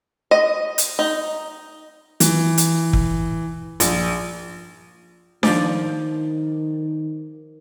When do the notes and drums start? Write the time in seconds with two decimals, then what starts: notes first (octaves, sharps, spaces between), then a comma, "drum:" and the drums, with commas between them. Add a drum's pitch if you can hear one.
0.31 D#5
0.78 drum: hi-hat
0.99 D#4
2.20 E3, drum: hi-hat
2.58 drum: hi-hat
2.93 drum: kick
3.80 A#1, drum: hi-hat
5.43 D#3 F3 D5, drum: snare D4